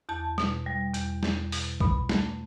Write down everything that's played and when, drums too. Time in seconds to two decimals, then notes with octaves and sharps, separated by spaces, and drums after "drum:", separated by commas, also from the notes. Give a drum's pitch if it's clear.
0.09 E2 A5
0.38 B2, drum: snare
0.66 G3
0.94 E2, drum: hi-hat
1.23 E2, drum: snare
1.52 B2, drum: open hi-hat
1.80 B2 B5, drum: kick C2
2.09 A3, drum: snare